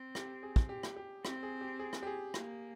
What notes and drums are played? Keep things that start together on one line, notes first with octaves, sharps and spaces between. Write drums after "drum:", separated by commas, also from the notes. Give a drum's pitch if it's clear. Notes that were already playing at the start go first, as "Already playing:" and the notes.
Already playing: C4
G4, drum: rim click
G#4
drum: kick
G4
drum: rim click
G4
C4 G4, drum: rim click
G#4
G4
G#4
drum: rim click
G4
G#4
A#3, drum: rim click